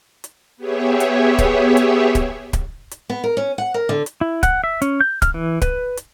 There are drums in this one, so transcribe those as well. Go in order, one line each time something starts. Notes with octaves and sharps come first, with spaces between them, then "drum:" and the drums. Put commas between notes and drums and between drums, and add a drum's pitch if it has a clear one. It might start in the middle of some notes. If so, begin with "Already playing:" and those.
drum: hi-hat
B3 G4 G#4 C#5 E5
drum: hi-hat
drum: kick D1, hi-hat
drum: hi-hat
drum: kick D1, hi-hat
drum: kick D1, hi-hat
drum: hi-hat
B3
A#4
C#4
F#5
A#4
D3
drum: hi-hat
E4
F#5, drum: kick D1, hi-hat
E5
C#4, drum: hi-hat
G6
F6, drum: kick D1, hi-hat
E3
B4, drum: kick D1, hi-hat
drum: hi-hat